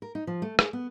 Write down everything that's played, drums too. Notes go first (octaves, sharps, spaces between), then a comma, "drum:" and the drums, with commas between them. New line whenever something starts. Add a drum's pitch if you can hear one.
A#4
D#4
F3
A3
G#4, drum: rim click
B3